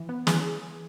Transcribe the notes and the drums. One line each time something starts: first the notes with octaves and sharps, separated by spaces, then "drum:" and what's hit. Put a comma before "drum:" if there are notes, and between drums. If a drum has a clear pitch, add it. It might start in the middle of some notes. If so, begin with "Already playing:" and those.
Already playing: E3
B3
E3 G#4, drum: snare